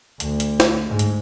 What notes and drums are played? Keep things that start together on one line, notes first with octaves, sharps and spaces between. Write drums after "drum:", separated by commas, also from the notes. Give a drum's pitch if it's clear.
D2, drum: hi-hat
drum: hi-hat
drum: snare
G#2
drum: hi-hat